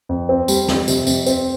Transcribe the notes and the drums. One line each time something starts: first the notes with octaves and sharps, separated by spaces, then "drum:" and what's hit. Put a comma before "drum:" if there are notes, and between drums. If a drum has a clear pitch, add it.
F2
C4
G3, drum: tambourine
F2, drum: snare
C3, drum: tambourine
F2, drum: tambourine
C4, drum: tambourine